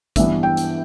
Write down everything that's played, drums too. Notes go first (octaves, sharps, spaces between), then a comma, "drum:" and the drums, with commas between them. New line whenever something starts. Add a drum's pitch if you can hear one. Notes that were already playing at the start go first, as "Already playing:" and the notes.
G2 E3 B3 D4 E5, drum: kick, hi-hat
G5
drum: hi-hat